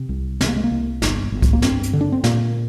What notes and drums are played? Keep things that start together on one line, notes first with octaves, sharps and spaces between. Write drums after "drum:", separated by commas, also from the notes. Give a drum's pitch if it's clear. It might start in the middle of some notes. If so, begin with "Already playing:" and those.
Already playing: C3 C4
C2
C3 C4, drum: snare
A#3
G#3
A#3
C2
G1, drum: snare
G1
drum: kick C2, hi-hat
A#3
G2 C4, drum: snare
drum: hi-hat
D3
D4
C4
A#2 A#3, drum: snare